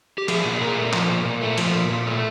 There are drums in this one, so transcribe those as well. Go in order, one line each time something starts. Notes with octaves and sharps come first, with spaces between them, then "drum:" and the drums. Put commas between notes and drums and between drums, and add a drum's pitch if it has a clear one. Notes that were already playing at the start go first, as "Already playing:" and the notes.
G4
F3 G#4, drum: cymbal
A#2
A#2 A#4
A3
F3, drum: clap
A#2
A#2
A3
F3, drum: cymbal
A#2
A#2
A3